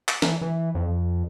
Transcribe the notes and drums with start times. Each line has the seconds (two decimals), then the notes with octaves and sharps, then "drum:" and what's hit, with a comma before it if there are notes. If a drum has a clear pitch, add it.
0.08 drum: clap
0.22 E3, drum: snare
0.41 E3
0.75 F2